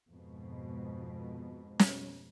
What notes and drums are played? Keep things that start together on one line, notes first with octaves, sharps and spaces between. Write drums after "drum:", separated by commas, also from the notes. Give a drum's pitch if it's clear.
F2 G#2 B2
drum: snare